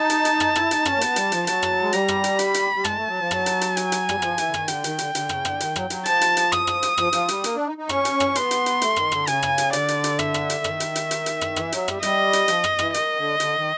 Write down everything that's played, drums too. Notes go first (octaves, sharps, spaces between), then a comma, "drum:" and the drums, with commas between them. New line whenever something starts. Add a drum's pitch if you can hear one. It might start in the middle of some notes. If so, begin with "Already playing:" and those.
Already playing: D#4 A5
drum: hi-hat
drum: hi-hat
drum: rim click
E4, drum: rim click
D#4, drum: hi-hat
C#4, drum: rim click
A#3
B3, drum: hi-hat
G3, drum: hi-hat
F3, drum: hi-hat
F#3 A5, drum: hi-hat
drum: rim click
G#3
G3 A#5, drum: hi-hat
drum: rim click
drum: hi-hat
B5, drum: hi-hat
drum: hi-hat
G3
G#3 A5, drum: rim click
A3
F#3
F3
F#3, drum: rim click
drum: hi-hat
drum: hi-hat
G#5, drum: hi-hat
drum: hi-hat
G3, drum: rim click
F#3
F3, drum: rim click
E3, drum: hi-hat
D3
D#3, drum: rim click
D3 G5, drum: hi-hat
D#3, drum: hi-hat
D3, drum: hi-hat
D3, drum: hi-hat
C#3, drum: rim click
D3, drum: rim click
D#3, drum: hi-hat
F#3, drum: rim click
F#3, drum: hi-hat
F3 A5, drum: hi-hat
drum: hi-hat
drum: hi-hat
D#6, drum: rim click
drum: rim click
drum: hi-hat
F3, drum: rim click
F3, drum: hi-hat
G3, drum: hi-hat
A#3, drum: hi-hat
D4
D#4
D#4
C#4 C#6, drum: rim click
drum: hi-hat
drum: rim click
B3 C6, drum: hi-hat
drum: hi-hat
drum: hi-hat
A3, drum: hi-hat
D#3, drum: rim click
D3, drum: rim click
C#3 G#5, drum: hi-hat
drum: rim click
drum: hi-hat
D3 D5, drum: hi-hat
drum: hi-hat
drum: hi-hat
E5, drum: rim click
drum: rim click
drum: hi-hat
D#3, drum: rim click
drum: hi-hat
drum: hi-hat
drum: hi-hat
drum: hi-hat
drum: rim click
E3, drum: rim click
F#3, drum: hi-hat
G3, drum: rim click
G3 D#5, drum: hi-hat
drum: hi-hat
F3, drum: hi-hat
drum: rim click
E3, drum: rim click
D#3 D#5, drum: hi-hat
D3
D3, drum: hi-hat
D#3